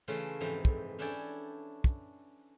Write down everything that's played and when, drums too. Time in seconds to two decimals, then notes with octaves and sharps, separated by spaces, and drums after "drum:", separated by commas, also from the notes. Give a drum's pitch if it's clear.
0.08 C#3 E3 A3 C#4 F4
0.40 F2 G#2 C3 E3 A#5
0.65 drum: kick
0.99 C#4 D4 E4 A4 G5 G#5
1.84 drum: kick